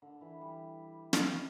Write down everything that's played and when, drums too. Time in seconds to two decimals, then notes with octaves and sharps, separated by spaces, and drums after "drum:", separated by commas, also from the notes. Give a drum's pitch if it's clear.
0.02 D3
0.21 E3
0.41 G3
1.13 drum: snare